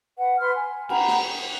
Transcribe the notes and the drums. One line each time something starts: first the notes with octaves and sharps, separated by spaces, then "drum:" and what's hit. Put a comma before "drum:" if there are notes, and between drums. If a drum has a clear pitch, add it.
B4 F#5
B4 C6 F6
G#5
F#5 G5 A#5 B5, drum: cymbal
drum: snare
A5